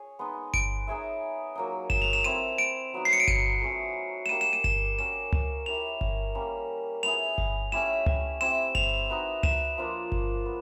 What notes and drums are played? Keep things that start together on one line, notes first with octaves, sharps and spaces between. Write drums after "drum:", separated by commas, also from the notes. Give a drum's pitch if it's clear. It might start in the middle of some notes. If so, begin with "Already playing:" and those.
Already playing: G#4 C#5
G#3 B3 D#4
D7, drum: kick G1
D#4 G#4 C#5 E5
F#3 A#3 D#4
E7, drum: kick G1
F7
E7
C4 E4 A4 D#7
D7
F#3 B3 D#4 F#4
C7
C#7
D7
D#7, drum: kick G1
A3 C#4 F#4 A4
E7
G3 A#3 D4 G4 D#7
E7
D#7
E7, drum: kick G1
C#4 F#4 A#4 D5 E7
drum: tom C#2
E4 G4 A#4 C#5 F7
drum: kick G1
G3 A#3 C#4
B3 E4 G#4 F7
drum: kick G1
A3 C#4 E4 G4 E7
drum: tom C#2
C4 E4 G4 E7
F7, drum: kick G1
D#4 F#4 B4 E5
E7, drum: tom C#2
F3 A#3 D4 F4
drum: kick G1
B3